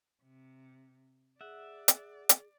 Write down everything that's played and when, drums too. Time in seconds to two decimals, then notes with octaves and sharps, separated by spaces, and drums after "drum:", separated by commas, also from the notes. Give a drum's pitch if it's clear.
0.22 C3
1.41 G#4 D5 E5 F#5
1.88 drum: hi-hat
2.29 drum: hi-hat